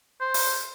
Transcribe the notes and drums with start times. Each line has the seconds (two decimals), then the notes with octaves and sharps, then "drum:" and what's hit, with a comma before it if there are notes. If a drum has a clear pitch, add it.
0.21 C5
0.34 drum: open hi-hat